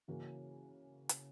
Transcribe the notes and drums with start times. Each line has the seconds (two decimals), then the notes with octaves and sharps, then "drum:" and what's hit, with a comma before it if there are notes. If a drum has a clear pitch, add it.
0.08 C#3 E3 A#3 C#4 F#4
1.09 drum: hi-hat